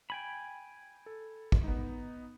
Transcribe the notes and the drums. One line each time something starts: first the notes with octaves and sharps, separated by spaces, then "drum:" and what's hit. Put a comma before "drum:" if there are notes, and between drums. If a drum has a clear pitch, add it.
G5 G#5 B5
A4
drum: kick
B3 D#4